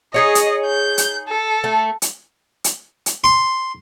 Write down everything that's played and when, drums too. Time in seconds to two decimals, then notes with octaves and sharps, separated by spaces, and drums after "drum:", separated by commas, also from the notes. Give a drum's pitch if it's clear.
0.14 D#4 G#4 C#5 D#5
0.35 drum: hi-hat
0.66 G6
0.98 drum: hi-hat
1.28 A4
1.64 A3
2.02 drum: hi-hat
2.64 drum: hi-hat
3.06 drum: hi-hat
3.24 C6